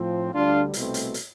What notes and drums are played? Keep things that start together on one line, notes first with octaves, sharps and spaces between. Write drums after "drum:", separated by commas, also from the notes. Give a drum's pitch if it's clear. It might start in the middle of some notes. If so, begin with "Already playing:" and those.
Already playing: A2 F3 C4
D2 D3 G3 D4 F4
C2 B2 A3 C4, drum: hi-hat
drum: hi-hat
drum: hi-hat